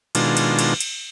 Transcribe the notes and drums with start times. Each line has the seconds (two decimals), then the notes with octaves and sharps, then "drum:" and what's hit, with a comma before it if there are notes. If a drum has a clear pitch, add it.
0.15 B2 D#3 G#3 D4 F4, drum: cymbal
0.37 drum: cymbal
0.59 drum: cymbal
0.81 drum: cymbal